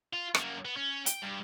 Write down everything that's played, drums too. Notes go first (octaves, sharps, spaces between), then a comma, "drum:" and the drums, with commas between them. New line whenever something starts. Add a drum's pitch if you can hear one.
F4
F#2 A#3, drum: rim click
B3
C#4
G5, drum: hi-hat
G2